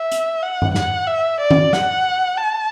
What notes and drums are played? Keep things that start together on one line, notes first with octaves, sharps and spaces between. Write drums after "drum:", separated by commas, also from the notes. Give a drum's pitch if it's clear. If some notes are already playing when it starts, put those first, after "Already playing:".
Already playing: E5
drum: hi-hat
F#5
drum: tom G2
F#5, drum: snare
E5
D5
drum: tom D#3
F#5, drum: snare
A5